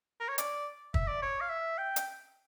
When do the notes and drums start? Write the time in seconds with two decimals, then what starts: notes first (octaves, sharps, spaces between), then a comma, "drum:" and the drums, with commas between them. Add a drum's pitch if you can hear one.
0.20 A#4
0.28 C#5
0.38 D5, drum: hi-hat
0.94 E5, drum: kick
1.08 D5
1.22 C#5
1.41 F5
1.49 E5
1.78 G5
1.96 drum: hi-hat